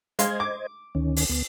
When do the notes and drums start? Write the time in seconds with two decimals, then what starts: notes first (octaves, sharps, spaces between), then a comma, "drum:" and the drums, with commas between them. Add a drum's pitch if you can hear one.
0.19 G#3 C5 D#5 F5 C6 G#6, drum: hi-hat
0.40 D6
0.95 D2 D#3 C#4
1.16 drum: open hi-hat
1.29 D2 B3